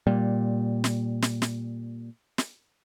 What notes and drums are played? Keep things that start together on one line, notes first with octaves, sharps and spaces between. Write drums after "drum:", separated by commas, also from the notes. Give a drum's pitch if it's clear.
A#2 G3
drum: snare
drum: snare
drum: snare
drum: snare